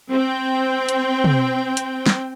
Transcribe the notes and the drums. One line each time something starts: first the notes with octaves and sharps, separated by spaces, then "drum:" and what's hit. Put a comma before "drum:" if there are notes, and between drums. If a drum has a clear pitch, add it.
C4 G5
drum: hi-hat
drum: tom
drum: hi-hat
drum: snare